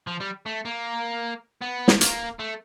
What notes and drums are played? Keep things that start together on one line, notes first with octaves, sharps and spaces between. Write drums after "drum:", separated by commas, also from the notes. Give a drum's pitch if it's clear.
F3
G3
A3
A#3
B3
drum: snare
A#3, drum: hi-hat
A3